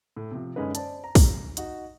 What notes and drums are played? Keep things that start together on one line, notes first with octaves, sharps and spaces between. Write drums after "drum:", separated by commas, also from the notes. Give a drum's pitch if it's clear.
A2
C3 F3
F#2 D3 G#3 C#4 D#4 B4
C5 D5 A5, drum: hi-hat
A#5
drum: kick, open hi-hat
D#4 F#4, drum: hi-hat